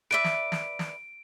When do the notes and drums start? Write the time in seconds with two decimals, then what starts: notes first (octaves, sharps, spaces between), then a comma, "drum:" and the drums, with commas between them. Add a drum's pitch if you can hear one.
0.11 B4 D5 E5 D7
0.24 drum: snare
0.52 drum: snare
0.79 drum: snare